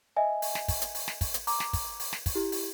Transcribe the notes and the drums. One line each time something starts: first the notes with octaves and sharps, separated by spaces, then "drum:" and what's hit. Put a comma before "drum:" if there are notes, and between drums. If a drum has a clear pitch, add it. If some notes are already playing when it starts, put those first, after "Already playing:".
D#5 E5 G#5
drum: open hi-hat
drum: snare
drum: kick, open hi-hat
drum: hi-hat
drum: open hi-hat
drum: snare
drum: kick, open hi-hat
drum: hi-hat
A#5 D6, drum: open hi-hat
drum: snare
drum: kick, open hi-hat
drum: open hi-hat
drum: snare
drum: kick, open hi-hat
E4 G4
drum: open hi-hat